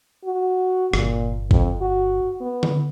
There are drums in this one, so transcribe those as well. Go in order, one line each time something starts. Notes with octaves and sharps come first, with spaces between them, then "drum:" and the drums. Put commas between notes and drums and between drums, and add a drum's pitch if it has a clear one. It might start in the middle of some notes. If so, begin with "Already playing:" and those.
F#4
G1 A#2, drum: rim click
F2, drum: kick G#1
F#4
B3
drum: tom D3